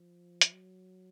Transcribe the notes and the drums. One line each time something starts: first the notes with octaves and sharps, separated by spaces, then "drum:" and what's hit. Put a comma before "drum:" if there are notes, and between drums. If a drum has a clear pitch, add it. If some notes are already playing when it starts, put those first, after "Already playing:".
Already playing: F3
drum: hi-hat
F#3